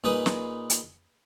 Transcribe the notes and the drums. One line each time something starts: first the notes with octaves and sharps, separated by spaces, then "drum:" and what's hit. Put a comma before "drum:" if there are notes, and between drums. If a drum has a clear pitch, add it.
A#2 D#4 G#4 B4 B5 D#6
drum: snare
drum: hi-hat